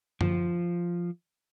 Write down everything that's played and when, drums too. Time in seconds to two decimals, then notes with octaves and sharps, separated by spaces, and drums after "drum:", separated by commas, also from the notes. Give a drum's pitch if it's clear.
0.21 F3, drum: tom F#2